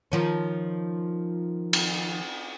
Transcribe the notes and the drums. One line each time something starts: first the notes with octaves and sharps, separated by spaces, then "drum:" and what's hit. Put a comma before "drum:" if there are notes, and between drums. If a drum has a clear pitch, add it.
D#3 F3 C#4
drum: cymbal